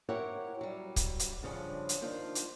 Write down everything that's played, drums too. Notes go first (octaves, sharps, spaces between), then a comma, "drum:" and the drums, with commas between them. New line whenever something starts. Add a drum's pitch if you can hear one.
E4 G4 A#4 C5 C#5 F#5
F#3 G3
drum: kick C#1, hi-hat
drum: hi-hat
G2 C#3 F3 C#4 D4
drum: hi-hat
D#3 D4 F4 C5
drum: hi-hat